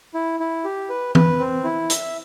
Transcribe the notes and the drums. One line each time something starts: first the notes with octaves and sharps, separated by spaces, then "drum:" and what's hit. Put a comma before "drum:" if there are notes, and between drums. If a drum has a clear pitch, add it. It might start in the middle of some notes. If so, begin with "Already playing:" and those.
E4
E4
G4
B4
B4, drum: tom E3
C4
E4
E5, drum: hi-hat